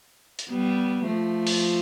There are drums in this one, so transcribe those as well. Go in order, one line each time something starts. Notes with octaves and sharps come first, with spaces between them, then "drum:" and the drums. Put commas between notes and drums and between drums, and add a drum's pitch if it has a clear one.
drum: hi-hat
G3 B3
F3 A3
drum: open hi-hat